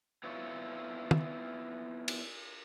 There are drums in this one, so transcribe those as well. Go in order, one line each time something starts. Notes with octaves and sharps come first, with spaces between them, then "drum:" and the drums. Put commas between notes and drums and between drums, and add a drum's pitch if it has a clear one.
B3 C4 E4 F4 C#5
drum: tom
drum: cymbal